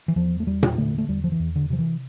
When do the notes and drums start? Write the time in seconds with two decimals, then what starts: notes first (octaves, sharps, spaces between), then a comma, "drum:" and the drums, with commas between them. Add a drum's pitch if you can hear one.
0.08 E3
0.16 E2 F3
0.40 A3
0.47 E2 G3
0.63 drum: tom A#2
0.78 D3 A3
0.98 A3
1.09 E2 G3
1.24 F3
1.32 E3
1.40 E2
1.56 D3
1.70 C3 F3
1.79 E3